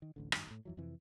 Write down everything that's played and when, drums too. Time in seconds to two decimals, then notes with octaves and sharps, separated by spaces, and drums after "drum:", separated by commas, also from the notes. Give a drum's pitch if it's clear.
0.02 D#3
0.16 D1 A1 D3
0.32 G2 D#3 F#3, drum: rim click
0.47 A1 A2
0.65 F2 E3 F#3
0.77 F2 C3 E3